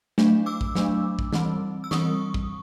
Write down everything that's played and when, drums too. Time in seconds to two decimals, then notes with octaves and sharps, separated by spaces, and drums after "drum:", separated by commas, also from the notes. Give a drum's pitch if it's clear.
0.18 F#3 A3 D4, drum: snare
0.46 D6 E6
0.61 drum: kick
0.75 F#3 A3 D4, drum: snare
1.19 drum: kick
1.33 E3 G3 C4, drum: snare
1.84 E6
1.91 E3 G3 C4 C#6 D#6, drum: snare
2.34 drum: kick